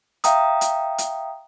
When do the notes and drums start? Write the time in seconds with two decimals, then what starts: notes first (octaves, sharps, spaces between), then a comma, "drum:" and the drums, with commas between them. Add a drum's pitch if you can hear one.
0.24 E5 F5 G5 A#5 D#6, drum: hi-hat
0.61 drum: hi-hat
0.98 drum: hi-hat